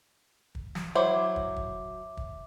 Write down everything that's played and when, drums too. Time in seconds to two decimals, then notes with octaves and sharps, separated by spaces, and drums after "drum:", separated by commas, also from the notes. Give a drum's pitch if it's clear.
0.55 drum: kick
0.75 drum: snare
0.95 F#3 E4 C5 E5 D6
1.36 drum: kick
1.56 drum: kick
2.17 drum: kick